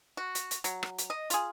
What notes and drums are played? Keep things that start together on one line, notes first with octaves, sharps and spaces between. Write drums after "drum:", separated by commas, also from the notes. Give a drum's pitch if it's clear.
F#4
drum: hi-hat
drum: hi-hat
F#3, drum: hi-hat
drum: rim click
drum: hi-hat
D#5
F4 G#4, drum: hi-hat